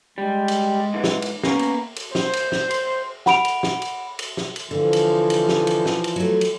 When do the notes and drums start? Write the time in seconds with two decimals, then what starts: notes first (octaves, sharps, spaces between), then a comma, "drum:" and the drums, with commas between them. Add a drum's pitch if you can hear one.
0.18 G3 G#3
0.48 drum: cymbal
0.94 G#2 E3
1.04 drum: snare
1.22 drum: cymbal
1.43 A#3 B3 C#4 A#4, drum: snare
1.59 drum: cymbal
1.96 drum: cymbal
2.15 C5, drum: snare
2.33 drum: cymbal
2.52 drum: snare
2.71 drum: cymbal
3.26 F#5 B5 D7 F7, drum: snare
3.45 drum: cymbal
3.63 drum: snare
3.82 drum: cymbal
4.19 drum: cymbal
4.37 drum: snare
4.56 drum: cymbal
4.71 D3 E3 F3
4.93 drum: cymbal
5.30 drum: cymbal
5.48 drum: snare
5.67 drum: cymbal
5.86 drum: snare
6.04 drum: cymbal
6.16 F#3 A3
6.41 drum: cymbal